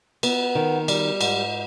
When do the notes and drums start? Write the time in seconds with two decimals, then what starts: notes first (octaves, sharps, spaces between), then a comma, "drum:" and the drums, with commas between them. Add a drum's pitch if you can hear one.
0.23 B3, drum: cymbal
0.55 D#3
0.88 G3, drum: cymbal
1.21 G#2, drum: cymbal